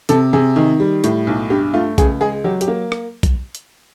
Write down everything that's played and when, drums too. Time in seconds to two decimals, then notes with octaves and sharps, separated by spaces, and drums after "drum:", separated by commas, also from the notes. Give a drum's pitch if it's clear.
0.09 C3 A4, drum: hi-hat
0.33 C3 G#4
0.56 D#3
0.80 G3
1.04 A2, drum: hi-hat
1.27 B1
1.50 G2 G4
1.74 A3 F4
1.98 C#2 G#4, drum: kick B1, hi-hat
2.21 G#3 G#4
2.44 F#3 G4
2.61 G4, drum: hi-hat
2.68 A#3
2.92 drum: rim click
3.23 drum: kick B1, hi-hat
3.55 drum: hi-hat